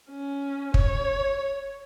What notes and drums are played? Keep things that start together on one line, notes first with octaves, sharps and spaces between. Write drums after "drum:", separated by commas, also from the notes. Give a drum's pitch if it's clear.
C#4
C#5, drum: kick